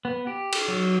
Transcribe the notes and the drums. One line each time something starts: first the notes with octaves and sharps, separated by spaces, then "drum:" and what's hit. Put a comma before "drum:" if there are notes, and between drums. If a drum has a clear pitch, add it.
B3
G4
drum: cymbal
F#3